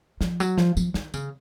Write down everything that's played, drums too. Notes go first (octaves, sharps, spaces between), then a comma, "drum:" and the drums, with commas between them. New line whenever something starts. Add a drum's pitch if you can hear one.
F3, drum: snare
F#3, drum: tambourine
F3, drum: snare
F3, drum: tambourine
D#3, drum: snare
C#3, drum: tambourine